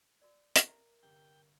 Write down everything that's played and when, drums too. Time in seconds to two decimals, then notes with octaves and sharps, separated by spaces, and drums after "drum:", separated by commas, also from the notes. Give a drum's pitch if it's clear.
0.21 F#4 A#4 D5
0.56 drum: hi-hat
0.67 A#4 E5 A#5
1.03 G1 C3 G5